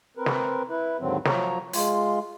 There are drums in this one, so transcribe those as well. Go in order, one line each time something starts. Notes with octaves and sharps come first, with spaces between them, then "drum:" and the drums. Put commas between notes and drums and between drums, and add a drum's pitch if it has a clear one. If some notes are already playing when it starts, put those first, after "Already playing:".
C4 A#4 B4
drum: snare
E4 B4
D#2 G#2 D3 D#3 F#3 C4
F3 F#3 C#5 A#5, drum: snare
G#3 F4, drum: open hi-hat